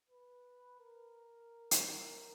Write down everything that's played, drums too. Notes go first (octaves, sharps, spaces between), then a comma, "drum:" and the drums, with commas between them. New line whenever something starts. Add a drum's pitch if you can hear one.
B4
A#4
drum: hi-hat